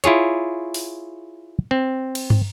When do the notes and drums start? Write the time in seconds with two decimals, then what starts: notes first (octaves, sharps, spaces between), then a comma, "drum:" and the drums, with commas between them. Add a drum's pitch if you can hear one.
0.04 E4 F4 G#4 C#5, drum: hi-hat
0.74 drum: open hi-hat
1.71 C4
2.15 drum: cymbal
2.30 drum: tom